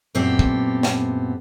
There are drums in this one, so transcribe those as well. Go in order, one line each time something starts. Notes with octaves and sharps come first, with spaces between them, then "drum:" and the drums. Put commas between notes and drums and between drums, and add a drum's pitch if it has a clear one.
F#2 A#2 B3 C4 G4 A4
drum: kick
drum: snare